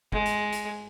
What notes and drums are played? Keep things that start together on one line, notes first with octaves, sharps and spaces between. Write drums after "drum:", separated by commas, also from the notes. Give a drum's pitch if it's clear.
G#3, drum: kick
drum: hi-hat
drum: hi-hat